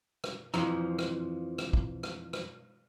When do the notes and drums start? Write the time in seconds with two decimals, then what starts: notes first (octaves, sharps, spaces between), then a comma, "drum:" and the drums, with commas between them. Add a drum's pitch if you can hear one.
0.24 drum: rim click
0.54 F2 E3 F3 A#5, drum: rim click
0.99 drum: rim click
1.58 drum: rim click
1.73 drum: kick
2.03 drum: rim click
2.33 drum: rim click